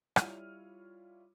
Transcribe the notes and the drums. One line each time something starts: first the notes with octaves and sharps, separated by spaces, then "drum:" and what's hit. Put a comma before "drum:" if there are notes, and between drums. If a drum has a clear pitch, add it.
G3 E4 F4 C#5 F6 D#7, drum: rim click